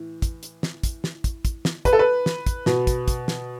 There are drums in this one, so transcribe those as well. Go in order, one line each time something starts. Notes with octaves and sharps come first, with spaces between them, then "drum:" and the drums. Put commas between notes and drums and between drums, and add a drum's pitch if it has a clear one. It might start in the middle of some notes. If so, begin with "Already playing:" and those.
Already playing: A2 E3
drum: kick, hi-hat
drum: hi-hat
drum: snare
drum: kick, hi-hat
drum: snare
drum: kick, hi-hat
drum: kick, hi-hat
drum: snare
B4, drum: kick, hi-hat
A4
B4
drum: snare
drum: kick, hi-hat
B2, drum: snare
drum: kick, hi-hat
drum: kick, hi-hat
drum: snare